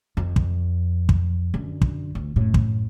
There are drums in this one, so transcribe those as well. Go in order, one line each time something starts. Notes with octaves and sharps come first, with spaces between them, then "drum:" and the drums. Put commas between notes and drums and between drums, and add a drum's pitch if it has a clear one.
F2
drum: kick
drum: kick
F#2 D3
drum: kick
D2
F#2 A2
drum: kick